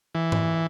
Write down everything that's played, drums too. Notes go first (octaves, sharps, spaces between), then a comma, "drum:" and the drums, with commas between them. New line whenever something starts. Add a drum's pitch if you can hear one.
E3
drum: tom G#2